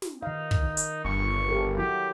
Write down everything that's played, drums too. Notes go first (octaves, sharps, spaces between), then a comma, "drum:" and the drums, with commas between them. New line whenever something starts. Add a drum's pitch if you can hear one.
drum: snare
D#3 D#4 F5
drum: kick
D#3
drum: hi-hat
G1 C#6
G4 A4 A#4
F#3 E4 F#4 G4